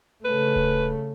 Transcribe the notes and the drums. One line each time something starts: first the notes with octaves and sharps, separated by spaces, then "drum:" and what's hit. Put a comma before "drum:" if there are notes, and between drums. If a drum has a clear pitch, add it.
C#3 A3 B4
drum: kick D1